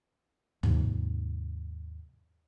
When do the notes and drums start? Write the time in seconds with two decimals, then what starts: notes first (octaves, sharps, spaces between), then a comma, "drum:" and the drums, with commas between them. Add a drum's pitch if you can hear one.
0.63 D#2 G#2 C3 F3, drum: tom D2